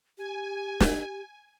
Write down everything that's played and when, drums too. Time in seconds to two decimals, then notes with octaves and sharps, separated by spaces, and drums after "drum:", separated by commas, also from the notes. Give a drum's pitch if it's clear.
0.18 G4 G#5
0.80 drum: snare